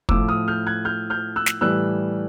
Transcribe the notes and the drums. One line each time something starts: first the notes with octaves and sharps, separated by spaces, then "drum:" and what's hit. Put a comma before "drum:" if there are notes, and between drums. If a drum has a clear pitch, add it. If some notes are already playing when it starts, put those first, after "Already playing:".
A2 F3 D6 E6, drum: kick
D#6 F6
F6 G6
F#6 G#6
F6 G6
F6 G6
E6 F#6
drum: snare
A2 E3 G3 E6 F#6